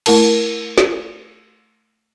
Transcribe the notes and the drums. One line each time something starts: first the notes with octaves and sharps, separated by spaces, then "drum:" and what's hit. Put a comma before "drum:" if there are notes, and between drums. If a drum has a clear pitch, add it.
A3 E4 A#4 A5, drum: cymbal
drum: snare